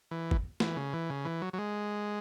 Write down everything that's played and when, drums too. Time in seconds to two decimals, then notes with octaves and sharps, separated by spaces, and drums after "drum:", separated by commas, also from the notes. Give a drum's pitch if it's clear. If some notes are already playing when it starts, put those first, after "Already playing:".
0.11 E3
0.31 drum: kick
0.60 E3, drum: snare
0.76 C#3
0.93 E3
1.10 C#3
1.25 E3
1.42 F#3
1.53 F#3
1.58 G#3